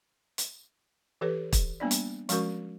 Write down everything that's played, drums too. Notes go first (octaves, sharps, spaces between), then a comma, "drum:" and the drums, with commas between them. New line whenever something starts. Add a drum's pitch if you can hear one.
drum: hi-hat
E3 G4 A4 B4 C#5
drum: kick, hi-hat
G3 A#3 B3 D4 D5
drum: hi-hat
F3 G#3 C#4 F#4 A#4 C#6, drum: hi-hat